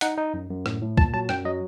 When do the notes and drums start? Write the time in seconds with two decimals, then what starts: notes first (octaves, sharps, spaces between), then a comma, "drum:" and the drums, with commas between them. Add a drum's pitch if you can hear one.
0.01 D#4 F#5, drum: hi-hat
0.18 D#4
0.34 F#2
0.49 F#2
0.66 A2, drum: rim click
0.82 A2
0.97 A#2 A5, drum: kick
1.14 F#3 A5
1.29 F#2 G5, drum: rim click
1.45 F#3 D#5